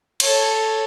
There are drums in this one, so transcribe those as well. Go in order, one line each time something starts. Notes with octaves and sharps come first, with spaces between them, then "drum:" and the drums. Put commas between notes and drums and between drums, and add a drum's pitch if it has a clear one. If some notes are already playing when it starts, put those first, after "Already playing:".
A4 C#5, drum: cymbal